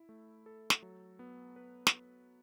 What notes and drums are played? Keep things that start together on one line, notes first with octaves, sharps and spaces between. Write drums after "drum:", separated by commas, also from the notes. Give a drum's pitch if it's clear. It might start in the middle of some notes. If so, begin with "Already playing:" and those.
Already playing: E4
A3
A4
drum: snare
F#3
B3
B4
drum: snare